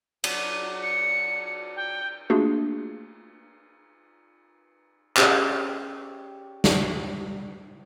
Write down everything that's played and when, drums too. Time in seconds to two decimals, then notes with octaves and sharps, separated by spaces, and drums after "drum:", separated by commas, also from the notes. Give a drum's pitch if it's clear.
0.24 F#3 D4 D#7, drum: cymbal
0.83 C#7
1.76 G5
2.30 A3 A#3 D4 F4 F#4 G#4
5.17 C#4 G4 G#4 C#5 D5, drum: clap
6.64 drum: snare